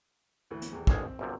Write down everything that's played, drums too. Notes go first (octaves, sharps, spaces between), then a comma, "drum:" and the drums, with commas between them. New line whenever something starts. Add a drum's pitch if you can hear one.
D2 E3
drum: hi-hat
D#1 E2
A1 D#2 D3 G#4, drum: kick
C4
G1 F#2 C3